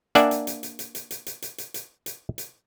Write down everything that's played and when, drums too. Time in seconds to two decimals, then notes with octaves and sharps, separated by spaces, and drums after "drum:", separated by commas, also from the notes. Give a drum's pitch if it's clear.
0.15 A#3 D4 D5 E5 F#5 G#5, drum: hi-hat
0.31 drum: hi-hat
0.47 drum: hi-hat
0.63 drum: hi-hat
0.79 drum: hi-hat
0.95 drum: hi-hat
1.11 drum: hi-hat
1.26 drum: hi-hat
1.42 drum: hi-hat
1.58 drum: hi-hat
1.74 drum: hi-hat
2.06 drum: hi-hat
2.38 drum: hi-hat